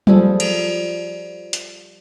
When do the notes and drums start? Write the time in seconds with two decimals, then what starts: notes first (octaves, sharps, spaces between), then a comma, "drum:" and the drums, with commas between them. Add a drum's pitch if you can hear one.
0.07 F3 G3 G#4 A4, drum: tom F#3
0.40 drum: cymbal
1.53 drum: hi-hat